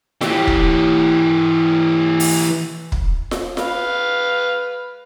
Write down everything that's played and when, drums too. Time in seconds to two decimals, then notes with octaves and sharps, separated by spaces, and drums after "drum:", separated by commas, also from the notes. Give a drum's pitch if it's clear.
0.21 E3 G4, drum: snare F4
0.47 drum: kick
2.20 drum: open hi-hat
2.92 drum: kick
3.31 drum: snare F4
3.57 B4 F5, drum: snare F4